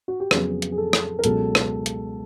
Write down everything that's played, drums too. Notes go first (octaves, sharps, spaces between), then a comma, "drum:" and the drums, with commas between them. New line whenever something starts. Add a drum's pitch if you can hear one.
F#4
G4
F2 C#3 F#3 B3 G#4, drum: rim click
drum: hi-hat
G#4
A4
drum: rim click
A#4
C#2 B2 F#3 A4, drum: hi-hat
drum: rim click
drum: hi-hat